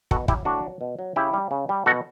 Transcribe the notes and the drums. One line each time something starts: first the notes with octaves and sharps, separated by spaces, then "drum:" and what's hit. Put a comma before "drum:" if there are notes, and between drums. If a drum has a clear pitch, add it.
B2 F#4 A4, drum: kick
F#3 E4 G4, drum: kick
A2 D4 F#4
F#3
B2
F#3
C#3 E4 G4
G3
C#3
G3
B2 F#4 A4